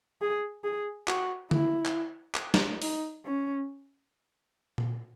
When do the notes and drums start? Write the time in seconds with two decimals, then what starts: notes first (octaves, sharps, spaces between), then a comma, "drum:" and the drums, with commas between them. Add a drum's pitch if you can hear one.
0.22 G#4
0.64 G#4
1.08 F#4, drum: clap
1.51 E4, drum: tom
1.86 drum: clap
2.35 drum: clap
2.54 drum: snare
2.82 D#4, drum: open hi-hat
3.25 C#4
4.78 drum: tom A#2